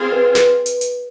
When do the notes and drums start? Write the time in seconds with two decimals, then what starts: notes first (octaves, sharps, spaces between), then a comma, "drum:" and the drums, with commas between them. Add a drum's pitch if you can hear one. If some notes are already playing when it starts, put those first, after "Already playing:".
Already playing: C4 F4 G#4 C5
0.12 B4
0.35 B4, drum: snare
0.66 drum: hi-hat
0.81 drum: hi-hat